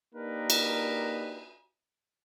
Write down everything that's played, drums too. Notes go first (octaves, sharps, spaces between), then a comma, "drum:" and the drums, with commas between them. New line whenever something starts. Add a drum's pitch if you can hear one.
A#3 D4 D#4 G4 A#4 B4
drum: cymbal